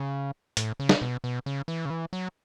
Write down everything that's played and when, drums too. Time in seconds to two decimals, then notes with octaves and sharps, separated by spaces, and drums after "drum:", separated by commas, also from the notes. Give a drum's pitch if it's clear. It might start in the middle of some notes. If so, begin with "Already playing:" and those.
Already playing: C#3
0.57 A2, drum: hi-hat
0.80 C#3
0.89 drum: snare
1.02 B2
1.24 B2
1.46 C#3
1.68 E3
1.85 C#3
1.90 E3
2.13 F#3